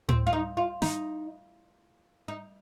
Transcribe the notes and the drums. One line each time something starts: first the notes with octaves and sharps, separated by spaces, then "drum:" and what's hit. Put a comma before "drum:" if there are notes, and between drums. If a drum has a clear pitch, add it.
C4, drum: tom A2
F4
D#4
F4
D#4, drum: snare
D#4